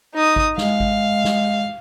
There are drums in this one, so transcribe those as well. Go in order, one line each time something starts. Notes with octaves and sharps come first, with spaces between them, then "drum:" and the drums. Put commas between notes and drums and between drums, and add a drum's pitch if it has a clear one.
D#4 D#6
drum: kick G#1
G#3 F5, drum: snare
drum: kick G#1
drum: snare